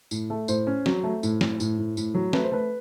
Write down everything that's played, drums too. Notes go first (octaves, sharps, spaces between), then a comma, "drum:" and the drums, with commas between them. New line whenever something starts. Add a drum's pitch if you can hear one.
A2, drum: tambourine
A3
A2 C5, drum: tambourine
C#4
F#3, drum: snare
A3
A2, drum: tambourine
A2, drum: snare
A2, drum: tambourine
A2
A2, drum: tambourine
F#3
A3 B4, drum: snare
C5
A3 B4